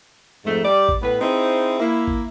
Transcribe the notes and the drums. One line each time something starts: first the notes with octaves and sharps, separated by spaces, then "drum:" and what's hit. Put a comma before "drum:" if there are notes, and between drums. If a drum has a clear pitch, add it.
F2 G#2 A3
G3 D5
drum: kick A1
A2 B3 B4
C4 D#4 E4 G#4 C5
A#3 E4
drum: kick A1